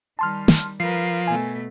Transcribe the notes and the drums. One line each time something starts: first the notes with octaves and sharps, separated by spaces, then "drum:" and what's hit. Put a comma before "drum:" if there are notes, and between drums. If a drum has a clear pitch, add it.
D#3 G3 A5 C6 F6
drum: snare
F3 A#4 B4 C7
B2 A3 G#5